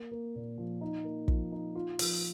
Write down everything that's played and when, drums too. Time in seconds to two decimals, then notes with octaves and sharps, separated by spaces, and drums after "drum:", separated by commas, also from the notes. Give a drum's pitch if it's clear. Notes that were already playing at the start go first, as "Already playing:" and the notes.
Already playing: A#3
0.11 A#3
0.35 A#2
0.58 F3
0.81 D#4
1.04 A#3
1.28 F3, drum: kick
1.52 D#4
1.76 F4
1.99 F3, drum: open hi-hat